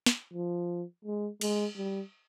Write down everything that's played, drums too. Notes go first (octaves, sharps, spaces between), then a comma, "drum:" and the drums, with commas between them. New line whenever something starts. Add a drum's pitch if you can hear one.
drum: snare
F3
G#3
G#3, drum: cymbal
G3